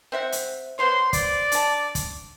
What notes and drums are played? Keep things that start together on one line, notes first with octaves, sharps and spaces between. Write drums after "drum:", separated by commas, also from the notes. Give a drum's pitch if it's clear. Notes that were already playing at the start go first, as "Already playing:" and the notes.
C4 E5 F#5
drum: hi-hat
B3 C5 C#5 C6
D5, drum: kick, hi-hat
D4 A5, drum: hi-hat
drum: kick, hi-hat